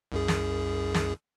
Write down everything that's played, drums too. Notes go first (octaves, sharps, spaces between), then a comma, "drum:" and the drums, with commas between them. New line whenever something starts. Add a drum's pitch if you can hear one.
C2 F#2 G#4
drum: snare
drum: snare